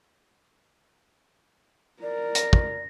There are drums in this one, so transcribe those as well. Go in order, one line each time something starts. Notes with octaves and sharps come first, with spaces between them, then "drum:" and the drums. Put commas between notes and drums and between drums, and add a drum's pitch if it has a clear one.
A#4 D5
A#6, drum: hi-hat
drum: kick